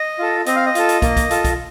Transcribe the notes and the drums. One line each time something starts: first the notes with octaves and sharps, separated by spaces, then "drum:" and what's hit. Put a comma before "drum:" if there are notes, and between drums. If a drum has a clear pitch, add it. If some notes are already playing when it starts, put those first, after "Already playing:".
Already playing: D#5
F4 A4
C4 D#5, drum: hi-hat
F5
D#5
F4 A4, drum: hi-hat
drum: hi-hat
A#3, drum: kick, hi-hat
drum: kick, hi-hat
F4 A4, drum: hi-hat
drum: kick, hi-hat